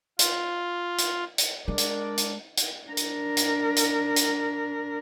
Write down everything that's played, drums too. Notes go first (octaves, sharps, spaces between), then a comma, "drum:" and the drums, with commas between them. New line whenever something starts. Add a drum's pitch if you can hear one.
F4, drum: hi-hat
drum: hi-hat
drum: hi-hat
G#3 D4 A#4 D5
drum: hi-hat
drum: hi-hat
drum: hi-hat
D4 A#4
drum: hi-hat
drum: hi-hat
drum: hi-hat
drum: hi-hat